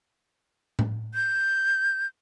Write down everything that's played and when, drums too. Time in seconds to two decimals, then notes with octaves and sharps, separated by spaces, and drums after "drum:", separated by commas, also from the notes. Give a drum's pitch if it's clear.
0.79 drum: tom A2
1.14 G6